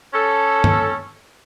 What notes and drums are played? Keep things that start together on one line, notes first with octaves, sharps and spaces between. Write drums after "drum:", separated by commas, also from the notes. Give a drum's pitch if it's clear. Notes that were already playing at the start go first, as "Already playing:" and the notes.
C#4 A4
drum: tom